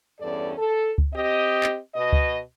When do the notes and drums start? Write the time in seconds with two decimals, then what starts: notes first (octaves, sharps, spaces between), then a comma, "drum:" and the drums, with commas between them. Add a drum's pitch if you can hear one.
0.20 E2 G2 C#4 A4 D5
0.58 A4
0.98 drum: kick C#2
1.14 C4 G4 D#5
1.63 drum: clap
1.94 B2 D#5
2.12 drum: kick C#2